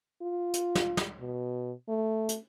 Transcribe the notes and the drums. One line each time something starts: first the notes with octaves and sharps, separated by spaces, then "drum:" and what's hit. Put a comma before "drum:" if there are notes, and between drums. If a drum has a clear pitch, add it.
F4
drum: hi-hat
drum: snare
drum: snare
B2
A3
drum: hi-hat